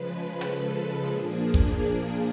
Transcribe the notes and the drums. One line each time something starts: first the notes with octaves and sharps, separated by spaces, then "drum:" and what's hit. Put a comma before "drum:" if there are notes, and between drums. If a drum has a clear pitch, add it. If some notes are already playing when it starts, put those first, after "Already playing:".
Already playing: C#3 F3 G#3 B4
A4, drum: hi-hat
A#2 F3 A#3 D4 G#4
drum: kick